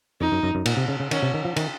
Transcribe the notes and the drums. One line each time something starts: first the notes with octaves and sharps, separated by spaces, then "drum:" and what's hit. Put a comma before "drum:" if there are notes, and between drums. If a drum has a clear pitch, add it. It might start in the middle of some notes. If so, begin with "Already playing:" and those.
F2 D#4
F#2
F#2
F#2
A#2, drum: cymbal
C3
C#3
C#3
D#3 C#4, drum: cymbal
C3
D#3
F3
D#3, drum: cymbal